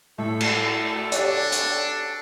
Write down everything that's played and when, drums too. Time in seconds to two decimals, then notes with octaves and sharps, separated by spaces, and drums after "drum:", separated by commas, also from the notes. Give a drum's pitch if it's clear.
0.18 A2 A4
0.40 drum: cymbal
1.12 D4 G4 C#5 D5, drum: hi-hat
1.52 drum: hi-hat